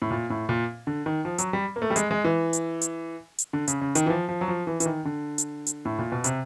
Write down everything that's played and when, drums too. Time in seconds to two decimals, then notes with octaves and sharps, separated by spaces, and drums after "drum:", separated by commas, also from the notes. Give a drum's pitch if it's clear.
0.02 A2
0.11 A#2
0.30 A2
0.49 A#2
0.87 D3
1.06 D#3
1.25 F3
1.39 F#3, drum: hi-hat
1.53 G3
1.76 A#3
1.82 A3
1.90 G3
1.96 G#3, drum: hi-hat
2.11 G#3
2.24 E3
2.53 drum: hi-hat
2.82 drum: hi-hat
3.39 drum: hi-hat
3.53 D3
3.68 C#3, drum: hi-hat
3.81 C#3
3.95 D#3, drum: hi-hat
4.06 E3
4.10 F3
4.29 F3
4.41 F#3
4.48 F3
4.67 E3
4.80 E3, drum: hi-hat
4.86 D#3
5.05 D3
5.38 drum: hi-hat
5.67 drum: hi-hat
5.85 A2
5.99 A#2
6.12 B2
6.24 C3, drum: hi-hat